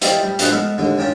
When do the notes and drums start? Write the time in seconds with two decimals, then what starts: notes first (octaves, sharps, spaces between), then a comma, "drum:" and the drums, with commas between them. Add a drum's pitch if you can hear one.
0.02 E4 F4 G4 C5 D5 D#5, drum: hi-hat
0.23 G3
0.39 D4 F4 F#4 G#4 B4 C5, drum: hi-hat
0.51 G#3 B3 A4 F5
0.78 D#2 D3 G#3
0.98 D#3 C#4 D4 F4